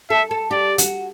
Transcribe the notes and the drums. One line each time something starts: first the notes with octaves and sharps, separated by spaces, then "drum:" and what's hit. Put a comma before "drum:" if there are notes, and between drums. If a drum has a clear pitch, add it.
A4 E5
A4
G4 D5
F#4, drum: hi-hat